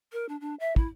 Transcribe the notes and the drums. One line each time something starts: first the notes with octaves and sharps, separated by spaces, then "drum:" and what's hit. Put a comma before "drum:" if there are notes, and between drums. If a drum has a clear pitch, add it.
A#4
D4
D4
E5
E4, drum: kick